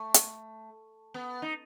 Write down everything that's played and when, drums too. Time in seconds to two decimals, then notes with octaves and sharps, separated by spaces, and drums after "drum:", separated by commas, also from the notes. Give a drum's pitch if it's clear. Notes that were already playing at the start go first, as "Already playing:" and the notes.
Already playing: A3
0.14 drum: hi-hat
1.14 B3
1.42 D#4